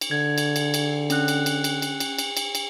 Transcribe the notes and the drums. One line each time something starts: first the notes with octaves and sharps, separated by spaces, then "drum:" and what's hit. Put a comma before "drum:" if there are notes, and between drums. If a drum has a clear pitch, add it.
drum: cymbal
D3 G#6
drum: cymbal
drum: cymbal
drum: cymbal
C#4 F#6, drum: cymbal
drum: cymbal
drum: cymbal
drum: cymbal
drum: cymbal
drum: cymbal
drum: cymbal
drum: cymbal
drum: cymbal